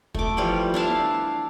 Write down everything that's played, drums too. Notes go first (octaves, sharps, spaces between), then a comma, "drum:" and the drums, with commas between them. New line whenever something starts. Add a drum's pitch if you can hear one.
A3 D6, drum: kick
E3 F3 G3 F4
D4 E4 F5 A5